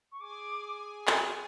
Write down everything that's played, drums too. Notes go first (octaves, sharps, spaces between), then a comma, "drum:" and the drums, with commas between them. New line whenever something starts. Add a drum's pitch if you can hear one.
C#6
G#4 G#5 D6
drum: clap